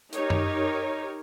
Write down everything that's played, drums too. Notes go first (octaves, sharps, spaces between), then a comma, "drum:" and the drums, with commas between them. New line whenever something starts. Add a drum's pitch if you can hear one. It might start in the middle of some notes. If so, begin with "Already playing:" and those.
D#4 G4 A#4 C#5, drum: hi-hat
drum: tom F#2